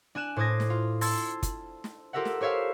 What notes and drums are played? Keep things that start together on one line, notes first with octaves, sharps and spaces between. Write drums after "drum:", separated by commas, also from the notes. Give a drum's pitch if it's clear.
D4 G#5 F#6 E7
A2 C5 D6 D#6 G#6 A#6
drum: snare
F4
A5 C6 E6 G#6 A6, drum: open hi-hat
drum: kick, hi-hat
drum: snare
F4 G4 A4 A#4 E5 F#5
drum: snare
G4 C5 C#5 E5 F5